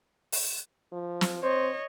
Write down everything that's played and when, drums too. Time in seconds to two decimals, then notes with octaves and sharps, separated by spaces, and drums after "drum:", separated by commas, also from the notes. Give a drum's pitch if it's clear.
0.32 drum: open hi-hat
0.92 F3
1.21 drum: snare
1.43 C4 C5 C#5 D#5